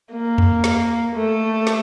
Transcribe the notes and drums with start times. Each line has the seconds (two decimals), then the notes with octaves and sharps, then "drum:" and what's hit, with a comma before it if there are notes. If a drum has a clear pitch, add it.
0.13 A#3
0.38 drum: tom E2
0.64 drum: snare
1.15 A3
1.67 drum: snare